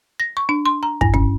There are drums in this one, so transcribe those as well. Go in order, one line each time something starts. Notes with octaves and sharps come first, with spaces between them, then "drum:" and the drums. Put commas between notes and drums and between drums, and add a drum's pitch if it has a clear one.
A#6
C#6
D4
C6
A#5
G2, drum: kick
C#4, drum: kick